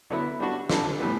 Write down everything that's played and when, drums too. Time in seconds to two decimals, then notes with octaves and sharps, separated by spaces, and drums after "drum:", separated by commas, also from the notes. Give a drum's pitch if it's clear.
0.10 D3 F#3 B3 E4
0.40 G3 D4 F#4
0.69 D3 G3 D4 A4, drum: snare
1.00 A2 E3 G3 B3